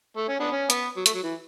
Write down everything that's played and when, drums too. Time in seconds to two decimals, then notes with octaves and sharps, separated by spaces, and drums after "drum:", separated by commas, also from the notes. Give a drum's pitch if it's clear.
0.17 A3
0.28 C#4
0.40 B3 D4
0.51 C#4
0.70 B3, drum: hi-hat
0.97 F#3
1.06 A3, drum: hi-hat
1.14 F#3
1.23 E3